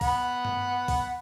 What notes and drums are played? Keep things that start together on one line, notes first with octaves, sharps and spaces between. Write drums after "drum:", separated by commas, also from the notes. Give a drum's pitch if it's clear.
F#5 B5, drum: kick B1, open hi-hat
drum: tom G2
drum: kick B1, open hi-hat